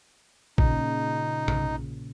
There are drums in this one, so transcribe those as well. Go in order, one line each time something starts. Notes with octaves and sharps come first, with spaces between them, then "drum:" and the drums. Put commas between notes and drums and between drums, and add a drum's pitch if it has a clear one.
A#2 C#3 D#4, drum: kick
drum: tom